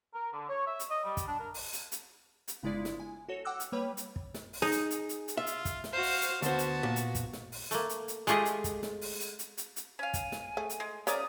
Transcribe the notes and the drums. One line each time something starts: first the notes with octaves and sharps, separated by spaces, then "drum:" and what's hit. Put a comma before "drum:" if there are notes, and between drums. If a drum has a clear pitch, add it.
A#4
D3
C#5
E5
drum: hi-hat
D#5
G3
drum: kick, hi-hat
D4
A#4
drum: open hi-hat
drum: hi-hat
drum: hi-hat
drum: hi-hat
G1 C#3 G#3 E4 F4 D5
drum: snare
G#5
F#4 A4 C#5
F#5 G5 D6 E6 F#6
drum: hi-hat
G3 A#3 B4 C#5 G5 B5
drum: hi-hat
drum: kick
drum: snare
drum: open hi-hat
D#4 G#4
drum: hi-hat
drum: hi-hat
drum: hi-hat
drum: hi-hat
F4 E5
drum: hi-hat
drum: kick, hi-hat
drum: snare
F#4 C5 F5
drum: open hi-hat
drum: hi-hat
D2 B3 F#4 C5 A5, drum: hi-hat
drum: hi-hat
A#2
drum: hi-hat
drum: kick, hi-hat
drum: snare
drum: open hi-hat
A3 A#3, drum: hi-hat
drum: hi-hat
drum: hi-hat
G#3 A3 F4 G4 G#4 D#5, drum: hi-hat
drum: hi-hat
drum: kick, hi-hat
drum: snare
drum: open hi-hat
drum: hi-hat
drum: hi-hat
drum: hi-hat
drum: hi-hat
C#4 F5 G#5
drum: kick, hi-hat
drum: snare
A3 G#4
drum: hi-hat
G#3
C#3 C#4 A#4 D5 D#6, drum: hi-hat